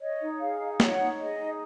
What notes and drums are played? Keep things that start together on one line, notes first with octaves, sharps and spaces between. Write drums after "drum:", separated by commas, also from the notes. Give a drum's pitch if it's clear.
C#5 D#5
D#4
G#4 F5
D#4
C#5 F#5, drum: snare
D#4
G#4 D#5
D#4